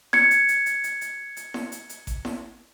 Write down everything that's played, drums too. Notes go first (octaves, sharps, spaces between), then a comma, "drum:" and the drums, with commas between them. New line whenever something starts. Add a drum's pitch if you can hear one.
G#6 C#7, drum: snare E4
drum: hi-hat
drum: hi-hat
drum: hi-hat
drum: hi-hat
drum: hi-hat
drum: hi-hat
drum: snare E4
drum: hi-hat
drum: hi-hat
drum: kick G#1, hi-hat
drum: snare E4